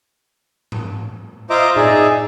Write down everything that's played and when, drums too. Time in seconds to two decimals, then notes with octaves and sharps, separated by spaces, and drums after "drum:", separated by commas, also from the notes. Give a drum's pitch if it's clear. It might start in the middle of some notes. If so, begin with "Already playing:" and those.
0.72 drum: tom G#2
1.50 F4 C5 D#5 E5 A#5 D6
1.76 D#4 G#4 D5 E5, drum: tom A2